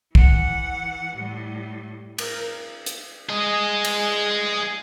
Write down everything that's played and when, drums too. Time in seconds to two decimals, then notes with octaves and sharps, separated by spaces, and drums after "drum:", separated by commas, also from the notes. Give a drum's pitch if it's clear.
0.15 E3 F#5, drum: kick
1.15 A2 G3
2.18 A#4, drum: cymbal
2.86 drum: hi-hat
3.29 G#4 D#5
3.85 drum: cymbal